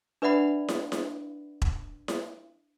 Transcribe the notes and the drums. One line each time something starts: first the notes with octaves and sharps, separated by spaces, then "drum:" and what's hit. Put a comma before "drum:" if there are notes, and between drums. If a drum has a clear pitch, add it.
D4 B4 D5 E5 F#5 B5
drum: snare E4
drum: snare E4
drum: kick E1
drum: snare E4